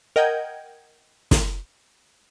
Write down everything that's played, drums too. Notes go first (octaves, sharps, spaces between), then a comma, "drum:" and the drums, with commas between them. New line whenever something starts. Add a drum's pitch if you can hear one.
A#4 D#5 F#5 G5 G6 G#6
drum: snare